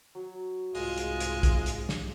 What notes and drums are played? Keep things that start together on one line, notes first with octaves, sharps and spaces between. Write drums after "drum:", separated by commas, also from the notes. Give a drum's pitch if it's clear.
F#3
C2 G#2 G#3 F4 G#4, drum: open hi-hat
drum: hi-hat
drum: hi-hat
drum: kick, hi-hat
drum: hi-hat
drum: snare